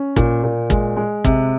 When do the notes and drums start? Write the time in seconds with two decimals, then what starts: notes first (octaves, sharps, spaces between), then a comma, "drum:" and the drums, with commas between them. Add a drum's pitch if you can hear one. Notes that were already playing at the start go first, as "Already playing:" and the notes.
Already playing: C#4
0.16 A#2, drum: kick
0.44 A#2
0.70 G#3, drum: kick
0.97 G#3
1.24 C3, drum: kick